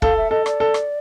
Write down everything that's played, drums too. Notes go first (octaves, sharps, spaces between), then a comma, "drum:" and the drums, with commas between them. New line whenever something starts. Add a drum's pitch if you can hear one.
A4 F5, drum: kick
E5
A4 D#5
D5, drum: rim click
A4
drum: rim click